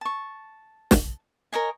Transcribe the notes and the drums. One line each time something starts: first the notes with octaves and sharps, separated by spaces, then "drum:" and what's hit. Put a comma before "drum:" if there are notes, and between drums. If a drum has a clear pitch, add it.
A5 C#6
drum: snare
A#4 C#5 D#5 G#5